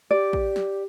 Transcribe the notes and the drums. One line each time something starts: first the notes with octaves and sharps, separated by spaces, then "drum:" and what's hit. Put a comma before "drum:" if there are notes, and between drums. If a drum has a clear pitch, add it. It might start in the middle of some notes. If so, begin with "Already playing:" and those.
G4 D5
drum: kick A1
drum: snare